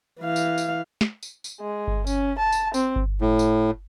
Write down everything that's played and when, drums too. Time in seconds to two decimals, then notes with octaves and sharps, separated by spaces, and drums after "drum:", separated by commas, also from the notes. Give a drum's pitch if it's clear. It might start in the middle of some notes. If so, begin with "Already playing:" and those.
0.20 E3 F5
0.36 drum: tambourine
0.58 drum: tambourine
1.01 drum: snare
1.23 drum: tambourine
1.44 drum: tambourine
1.61 G#3
1.88 drum: kick G1
2.07 C#4, drum: tambourine
2.38 A5
2.52 drum: tambourine
2.74 C4, drum: tambourine
2.96 drum: kick G1
3.21 A2
3.39 drum: tambourine